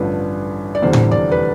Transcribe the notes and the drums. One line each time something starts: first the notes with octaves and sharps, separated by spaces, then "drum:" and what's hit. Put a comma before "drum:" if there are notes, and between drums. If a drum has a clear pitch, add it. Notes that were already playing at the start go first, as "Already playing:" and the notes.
Already playing: A1 G2 D3 F3 B4
D5
F1 E2 D3 G3 C5
drum: tom A2
D5
B4